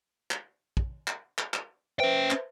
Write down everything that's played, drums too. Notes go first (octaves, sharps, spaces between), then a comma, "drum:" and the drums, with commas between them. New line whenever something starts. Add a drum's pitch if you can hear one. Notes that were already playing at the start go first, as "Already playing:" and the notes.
drum: clap
drum: kick
drum: clap
drum: clap
drum: clap
C#4 B4 C5 E5 G5
drum: clap